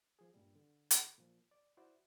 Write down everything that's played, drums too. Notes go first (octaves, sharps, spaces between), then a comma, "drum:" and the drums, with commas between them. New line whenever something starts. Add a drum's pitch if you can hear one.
F3 G#4
G2 A#2 G3
D3
drum: hi-hat
A#2 F3
D5
E4 F#4 C5 D5